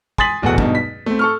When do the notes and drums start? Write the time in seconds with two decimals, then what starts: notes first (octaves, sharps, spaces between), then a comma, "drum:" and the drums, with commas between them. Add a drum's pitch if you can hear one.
0.18 G#5 C6 D#6 A6 B6 F#7, drum: kick
0.42 D1 E2 B2 F#4 A4 F#5
0.58 G2 B2 D#4, drum: kick
0.75 B6
1.06 A3 C4
1.19 A4 C#6 F6